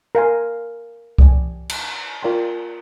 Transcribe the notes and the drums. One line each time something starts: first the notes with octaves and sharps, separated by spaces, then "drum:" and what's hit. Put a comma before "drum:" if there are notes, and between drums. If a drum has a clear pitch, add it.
A#4 F5 G#5 C6
G4 D5 G#5, drum: kick C2
drum: cymbal
F4 A#4 D5 G5 C6